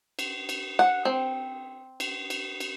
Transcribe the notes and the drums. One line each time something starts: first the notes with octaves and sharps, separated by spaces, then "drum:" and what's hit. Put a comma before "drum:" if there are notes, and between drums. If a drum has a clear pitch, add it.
drum: cymbal
drum: cymbal
F#5
C4
drum: cymbal
drum: cymbal
drum: cymbal